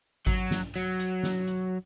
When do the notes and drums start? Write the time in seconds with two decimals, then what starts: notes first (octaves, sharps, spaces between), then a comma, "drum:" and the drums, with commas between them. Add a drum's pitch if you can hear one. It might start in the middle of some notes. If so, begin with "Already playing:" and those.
0.27 F#3, drum: kick G#1, hi-hat
0.51 drum: snare
0.76 F#3
0.99 drum: hi-hat
1.23 drum: snare
1.48 drum: hi-hat